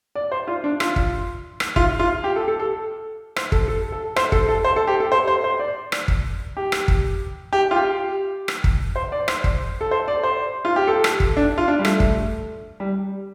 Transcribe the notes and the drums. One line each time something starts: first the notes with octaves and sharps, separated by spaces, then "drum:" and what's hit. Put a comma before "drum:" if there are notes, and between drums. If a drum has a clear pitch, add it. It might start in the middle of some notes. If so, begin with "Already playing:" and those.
D5
C5
F4
D4
F4, drum: rim click
drum: kick
drum: rim click
F4, drum: kick
F4
G4
A4
A4
A4
C5, drum: rim click
A4, drum: kick
A4
A4
C5, drum: rim click
A4, drum: kick
A4
C5
A4
G4
A4
C5
C5
C5
D5
drum: rim click
drum: kick
G4
drum: rim click
drum: kick
G4
F4
G4
drum: rim click
drum: kick
C5
D5
C5, drum: rim click
drum: kick
A4
C5
D5
C5
F4
G4
A4
drum: rim click
drum: kick
D4
F4
D4
G3
A3, drum: rim click
drum: kick
G3